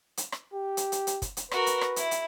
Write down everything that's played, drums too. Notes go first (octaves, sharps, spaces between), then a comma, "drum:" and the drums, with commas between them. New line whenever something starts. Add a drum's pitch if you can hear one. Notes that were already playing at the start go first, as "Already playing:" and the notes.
drum: hi-hat
drum: rim click
G4
drum: hi-hat
drum: hi-hat
drum: hi-hat
drum: kick, hi-hat
drum: hi-hat
F#4 A#4 B4, drum: rim click
drum: hi-hat
drum: rim click
E4, drum: hi-hat
drum: hi-hat